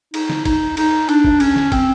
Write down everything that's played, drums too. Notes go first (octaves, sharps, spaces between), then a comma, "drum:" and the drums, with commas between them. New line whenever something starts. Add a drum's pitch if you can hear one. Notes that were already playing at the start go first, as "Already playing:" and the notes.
D#4, drum: cymbal
drum: snare
D#4, drum: kick, cymbal
D#4, drum: cymbal
D4, drum: cymbal
drum: kick
C#4, drum: cymbal
drum: snare
C4, drum: kick, cymbal